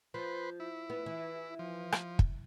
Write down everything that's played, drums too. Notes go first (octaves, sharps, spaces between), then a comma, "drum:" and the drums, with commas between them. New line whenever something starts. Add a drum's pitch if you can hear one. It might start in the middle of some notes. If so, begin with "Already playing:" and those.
F3 B4 C5
E4
B3
E3
F3
drum: rim click
drum: kick